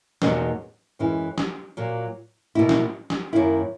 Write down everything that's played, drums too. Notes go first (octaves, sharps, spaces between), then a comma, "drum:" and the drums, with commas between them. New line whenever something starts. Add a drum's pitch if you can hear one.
E2 B2 F#3 A#3 D#4, drum: snare
F#2 E3 G#3 C#4 E4
drum: snare
A#2 F#3 A#3
B2 A#3 E4
drum: snare
drum: snare
F#2 D#3 A#3 E4